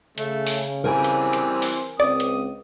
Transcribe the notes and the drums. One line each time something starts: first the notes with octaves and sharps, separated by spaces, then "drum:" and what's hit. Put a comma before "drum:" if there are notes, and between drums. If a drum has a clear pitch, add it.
C#3 A3, drum: hi-hat
drum: open hi-hat
E3 G3 C4 A#4 G5 G#5
drum: hi-hat
drum: hi-hat
drum: open hi-hat
C#2 C4 D5 D#6
drum: hi-hat